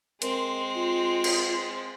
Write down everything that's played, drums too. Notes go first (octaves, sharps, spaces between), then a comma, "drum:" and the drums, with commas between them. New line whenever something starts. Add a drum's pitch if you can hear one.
G#3 C4 A#4, drum: hi-hat
F4
drum: cymbal